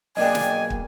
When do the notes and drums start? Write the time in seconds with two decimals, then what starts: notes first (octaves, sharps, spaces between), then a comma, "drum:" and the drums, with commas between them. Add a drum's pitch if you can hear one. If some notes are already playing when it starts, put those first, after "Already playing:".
0.17 B1 A#3 G#4 D5 D#5 G5 G#5
0.35 drum: snare
0.70 drum: kick